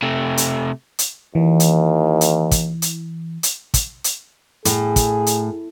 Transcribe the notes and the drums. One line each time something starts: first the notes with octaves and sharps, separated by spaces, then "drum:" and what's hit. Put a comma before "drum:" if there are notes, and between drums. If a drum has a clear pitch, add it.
C3 A3
drum: hi-hat
drum: hi-hat
D#2 E3
drum: hi-hat
drum: hi-hat
drum: kick, hi-hat
drum: hi-hat
drum: hi-hat
drum: kick, hi-hat
drum: hi-hat
A2 G#4, drum: hi-hat
drum: kick, hi-hat
drum: hi-hat